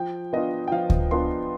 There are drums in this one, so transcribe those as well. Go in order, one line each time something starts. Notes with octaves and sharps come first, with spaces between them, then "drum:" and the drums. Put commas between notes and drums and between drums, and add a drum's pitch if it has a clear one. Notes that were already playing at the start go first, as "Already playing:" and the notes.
Already playing: F3 G5
B3 D4 F4 D#5
G5
F3 F5
drum: kick D2
B3 D4 F4 C6